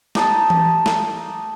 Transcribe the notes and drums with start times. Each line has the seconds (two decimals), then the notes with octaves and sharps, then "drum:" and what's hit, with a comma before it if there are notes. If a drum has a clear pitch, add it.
0.15 D#4 G4 D#5 A5, drum: snare
0.50 drum: tom E3
0.86 drum: snare